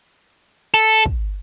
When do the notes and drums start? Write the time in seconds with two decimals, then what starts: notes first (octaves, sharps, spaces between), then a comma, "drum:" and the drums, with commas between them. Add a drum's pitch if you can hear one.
0.74 A4
1.05 drum: kick